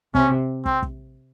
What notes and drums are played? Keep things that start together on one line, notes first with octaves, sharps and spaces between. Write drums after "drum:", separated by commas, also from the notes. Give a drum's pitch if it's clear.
C3 C#4, drum: kick
C4, drum: kick
drum: kick